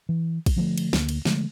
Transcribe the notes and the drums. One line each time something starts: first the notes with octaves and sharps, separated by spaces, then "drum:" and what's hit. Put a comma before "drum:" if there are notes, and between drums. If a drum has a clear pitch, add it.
E3
drum: kick, cymbal
D3 F3 G3 A3
drum: cymbal
D2 A#3, drum: snare
drum: cymbal
D3 F3 G#3 A3, drum: snare